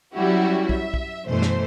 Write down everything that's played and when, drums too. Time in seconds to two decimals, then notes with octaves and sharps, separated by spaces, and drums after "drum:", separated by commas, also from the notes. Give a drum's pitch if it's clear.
0.15 F#3 G3 C#4 E4 F#4 G4
0.69 E5, drum: kick
0.94 drum: kick
1.24 F#2 B2 E3 A3 C5
1.42 drum: snare